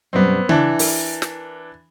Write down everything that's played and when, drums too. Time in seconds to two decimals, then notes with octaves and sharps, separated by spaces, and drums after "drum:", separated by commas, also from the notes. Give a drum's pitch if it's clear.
0.13 F#2 B2 G3 B3 C4
0.49 E3 D4 E5, drum: tom C#3
0.79 A#4, drum: open hi-hat
1.22 drum: snare